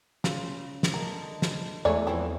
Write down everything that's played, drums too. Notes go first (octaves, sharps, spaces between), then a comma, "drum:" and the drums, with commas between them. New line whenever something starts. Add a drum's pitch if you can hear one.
C#3 F4, drum: snare
drum: snare
D3 A#4 D#5 A5
drum: snare
E2 G#3 A3 G#4 A4 C#5 D5
F2 E3 F3 C4 E4